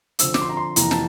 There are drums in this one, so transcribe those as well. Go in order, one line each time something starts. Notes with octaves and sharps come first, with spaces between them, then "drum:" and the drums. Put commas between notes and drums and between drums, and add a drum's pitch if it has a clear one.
D3 F3 C4 E6, drum: hi-hat
D6, drum: snare
C6
A#5
C6
F2 C3 E3 A#3 E4 A#5, drum: hi-hat
A5, drum: snare